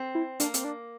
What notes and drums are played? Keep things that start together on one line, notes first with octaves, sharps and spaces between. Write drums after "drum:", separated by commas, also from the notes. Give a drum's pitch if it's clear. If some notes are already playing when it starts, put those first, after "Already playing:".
Already playing: C4
E4
A#3 D4, drum: hi-hat
C4, drum: hi-hat
D4